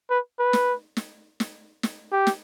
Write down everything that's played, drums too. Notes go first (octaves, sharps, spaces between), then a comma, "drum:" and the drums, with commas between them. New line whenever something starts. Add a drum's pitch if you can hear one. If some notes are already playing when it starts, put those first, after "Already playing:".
B4
B4
drum: snare
drum: snare
drum: snare
drum: snare
G4
drum: snare